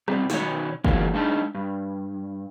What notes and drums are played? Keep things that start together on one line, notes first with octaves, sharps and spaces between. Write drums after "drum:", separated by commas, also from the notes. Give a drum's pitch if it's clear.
B2 G3 C4, drum: rim click
B2 D#3 F#4 C#5, drum: snare
B2 E3 F#3 G#3 A#3 F4, drum: kick G1
G#3 D4 D#4 A5
G2